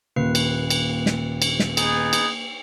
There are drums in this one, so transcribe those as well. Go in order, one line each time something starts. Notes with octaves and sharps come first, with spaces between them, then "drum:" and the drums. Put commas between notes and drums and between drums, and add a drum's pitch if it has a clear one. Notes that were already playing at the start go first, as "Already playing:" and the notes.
D#1 A#3 B4 C7
drum: cymbal
drum: cymbal
drum: snare
drum: cymbal
drum: snare
B3 D#4 G#4, drum: cymbal
drum: cymbal